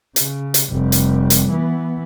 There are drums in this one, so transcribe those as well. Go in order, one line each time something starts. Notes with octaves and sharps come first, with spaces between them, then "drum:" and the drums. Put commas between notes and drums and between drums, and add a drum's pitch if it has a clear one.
C#3, drum: hi-hat
drum: hi-hat
F1 G3
drum: hi-hat
drum: hi-hat
E3 B3